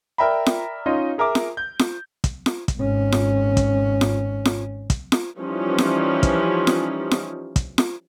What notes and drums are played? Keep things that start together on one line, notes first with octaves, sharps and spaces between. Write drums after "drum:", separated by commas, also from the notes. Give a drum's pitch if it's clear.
A#4 D5 E5 G5 A#5 B5
drum: snare F4
C#4 D#4 F4 D#5
G#4 A#4 E5 D6
drum: snare F4
G6
drum: snare F4
drum: kick, hi-hat
drum: snare F4
drum: kick, hi-hat
G#1 C#4
drum: snare F4
drum: kick, hi-hat
drum: snare F4
drum: snare F4
drum: kick, hi-hat
drum: snare F4
E3 F3 G3 C#4 D#4 F4
drum: snare F4
drum: kick, hi-hat
drum: snare F4
drum: snare F4
drum: kick, hi-hat
drum: snare F4